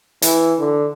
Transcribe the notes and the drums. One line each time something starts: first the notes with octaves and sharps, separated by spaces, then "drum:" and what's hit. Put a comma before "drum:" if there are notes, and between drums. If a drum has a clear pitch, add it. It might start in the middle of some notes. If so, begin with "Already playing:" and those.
E3, drum: hi-hat
D3